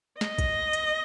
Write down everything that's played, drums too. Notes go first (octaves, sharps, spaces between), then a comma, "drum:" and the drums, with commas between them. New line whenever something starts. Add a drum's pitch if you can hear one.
D#5, drum: snare
drum: kick, hi-hat
drum: hi-hat